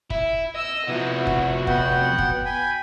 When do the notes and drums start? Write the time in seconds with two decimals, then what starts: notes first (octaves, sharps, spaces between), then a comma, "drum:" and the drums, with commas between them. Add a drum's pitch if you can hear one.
0.10 E4, drum: kick
0.55 D#5 E6
0.87 C3 F3 B3 E4 F#4
1.27 drum: kick
1.67 B3 F#5 G5, drum: kick
2.18 drum: kick
2.46 G5 G#5 B5